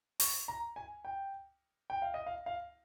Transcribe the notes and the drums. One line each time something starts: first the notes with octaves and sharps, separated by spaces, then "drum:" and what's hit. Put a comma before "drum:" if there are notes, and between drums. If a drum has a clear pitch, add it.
C#6, drum: open hi-hat
A#5
G#5
G5
G5
F5
D#5
F5
F5